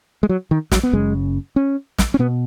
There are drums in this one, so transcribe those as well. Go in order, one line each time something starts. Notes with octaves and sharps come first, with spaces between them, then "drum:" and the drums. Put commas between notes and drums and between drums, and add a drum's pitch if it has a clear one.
G#3
F#3
D#3
F#3, drum: snare
B3
F#1 F#2 C#3 G#3
C#4
drum: snare
C#4
B2 B3